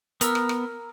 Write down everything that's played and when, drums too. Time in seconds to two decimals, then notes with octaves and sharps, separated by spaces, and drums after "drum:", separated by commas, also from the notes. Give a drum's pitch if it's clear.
0.21 B3 A#4 E6, drum: hi-hat
0.35 drum: rim click
0.49 drum: rim click